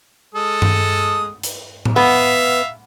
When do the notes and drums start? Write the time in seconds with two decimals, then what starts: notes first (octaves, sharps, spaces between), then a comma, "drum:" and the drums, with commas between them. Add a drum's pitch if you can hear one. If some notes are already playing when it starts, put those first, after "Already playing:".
0.35 G#3 A4 D#6
0.62 drum: tom G2
1.43 drum: hi-hat
1.85 drum: tom A2
1.96 B3 E5 F5